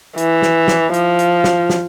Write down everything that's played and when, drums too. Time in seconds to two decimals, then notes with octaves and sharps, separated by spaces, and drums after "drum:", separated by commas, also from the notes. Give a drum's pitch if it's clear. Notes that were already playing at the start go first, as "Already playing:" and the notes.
0.17 E3, drum: hi-hat
0.42 drum: snare
0.68 drum: snare
0.93 F3, drum: hi-hat
1.19 drum: hi-hat
1.44 drum: snare
1.70 drum: snare